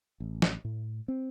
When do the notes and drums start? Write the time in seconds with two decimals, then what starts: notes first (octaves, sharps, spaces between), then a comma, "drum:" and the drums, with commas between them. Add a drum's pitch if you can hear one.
0.20 A1
0.42 drum: snare
0.65 A2
1.08 C4